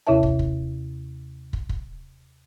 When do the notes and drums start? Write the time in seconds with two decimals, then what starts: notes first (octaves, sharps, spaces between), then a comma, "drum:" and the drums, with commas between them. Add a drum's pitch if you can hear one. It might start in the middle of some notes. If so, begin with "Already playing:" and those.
0.07 D#2 C3 E4 C#5 E5 A5
0.23 drum: kick
0.39 drum: kick
1.53 drum: kick
1.69 drum: kick